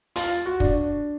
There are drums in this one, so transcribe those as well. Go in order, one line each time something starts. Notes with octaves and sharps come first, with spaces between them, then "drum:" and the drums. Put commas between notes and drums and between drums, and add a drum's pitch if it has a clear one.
F4, drum: hi-hat
F#4
D4, drum: kick